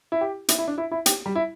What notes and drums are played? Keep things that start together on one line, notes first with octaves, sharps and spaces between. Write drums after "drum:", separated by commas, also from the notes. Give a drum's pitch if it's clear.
E4
G4
E4, drum: hi-hat
E4
D4
E4
E4
G4, drum: hi-hat
G3
E4